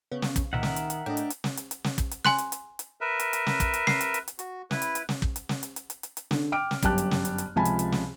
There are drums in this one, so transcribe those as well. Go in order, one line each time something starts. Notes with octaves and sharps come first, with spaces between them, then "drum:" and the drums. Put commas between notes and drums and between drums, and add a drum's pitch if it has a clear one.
C#3 B3
drum: snare
drum: kick, hi-hat
C2 A#2 D#3 A#4 E5 F#5
drum: snare
drum: hi-hat
drum: hi-hat
A2 D4 D#5 G5
drum: hi-hat
drum: hi-hat
drum: snare
drum: hi-hat
drum: hi-hat
drum: snare
drum: kick, hi-hat
drum: hi-hat
G#5 C6 F#6, drum: snare
drum: hi-hat
drum: hi-hat
drum: hi-hat
A#4 B4 E5
drum: hi-hat
drum: hi-hat
drum: snare
drum: kick, hi-hat
drum: hi-hat
C7, drum: snare
drum: hi-hat
drum: hi-hat
drum: hi-hat
F#4, drum: hi-hat
E4 B4, drum: snare
drum: hi-hat
drum: hi-hat
drum: snare
drum: kick
drum: hi-hat
drum: snare
drum: hi-hat
drum: hi-hat
drum: hi-hat
drum: hi-hat
drum: hi-hat
D3, drum: snare
G5 D6 F6 D7
drum: snare
G1 F#2 G4 A5 F#6, drum: kick, hi-hat
drum: hi-hat
drum: snare
drum: hi-hat
drum: hi-hat
C#2 C3 F3 G#5 A5 B5
drum: hi-hat
drum: hi-hat
drum: snare